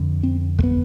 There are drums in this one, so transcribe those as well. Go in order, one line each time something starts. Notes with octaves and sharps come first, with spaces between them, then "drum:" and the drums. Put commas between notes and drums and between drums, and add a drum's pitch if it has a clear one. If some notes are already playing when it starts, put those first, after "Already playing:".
Already playing: F2 D3
C4
A3, drum: kick
B3